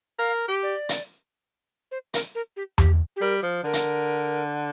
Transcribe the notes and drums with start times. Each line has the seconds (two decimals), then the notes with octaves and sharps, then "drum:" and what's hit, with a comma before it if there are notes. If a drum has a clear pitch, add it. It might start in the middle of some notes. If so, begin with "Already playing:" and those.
0.19 A#4 F5
0.48 G4
0.63 D5
0.89 drum: hi-hat
1.91 C5
2.14 A#4, drum: hi-hat
2.35 A#4
2.56 G4
2.78 G4, drum: tom E2
3.16 G4
3.21 G3 A#4
3.43 F3
3.64 D3 A#4
3.73 drum: hi-hat